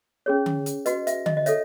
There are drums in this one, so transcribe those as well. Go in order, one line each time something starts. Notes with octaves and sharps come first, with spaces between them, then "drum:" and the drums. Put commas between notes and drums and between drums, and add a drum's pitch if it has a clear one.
C#4 G#4 C#5
drum: tom D3
drum: hi-hat
F#4 B4 D#5, drum: hi-hat
E5, drum: hi-hat
D#5, drum: tom D3
D#5
A4 C#5 E5, drum: hi-hat